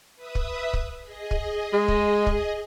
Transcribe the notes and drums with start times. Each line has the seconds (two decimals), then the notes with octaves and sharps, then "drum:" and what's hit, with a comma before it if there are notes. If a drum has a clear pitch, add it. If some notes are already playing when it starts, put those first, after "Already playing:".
0.16 B4 E5 D#6
0.35 drum: kick
0.73 drum: kick
1.01 G#4 D#5
1.31 drum: kick
1.73 G#3
1.88 drum: kick
2.26 drum: kick